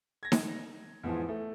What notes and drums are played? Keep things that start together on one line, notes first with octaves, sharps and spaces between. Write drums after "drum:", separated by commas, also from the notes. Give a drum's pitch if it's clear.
G#6 A#6
drum: snare D#4
E2 G#2 E3 F3
A3